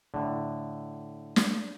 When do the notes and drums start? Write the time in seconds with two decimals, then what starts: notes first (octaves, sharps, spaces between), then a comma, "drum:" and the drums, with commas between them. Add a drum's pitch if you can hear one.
0.14 A2 D3
1.36 drum: snare